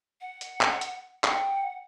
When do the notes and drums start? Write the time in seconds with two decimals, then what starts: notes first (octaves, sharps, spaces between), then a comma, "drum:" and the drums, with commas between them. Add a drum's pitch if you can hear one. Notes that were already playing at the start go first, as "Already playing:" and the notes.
0.21 F#5
0.41 drum: hi-hat
0.61 drum: clap
0.81 drum: hi-hat
1.24 F#5 G5, drum: clap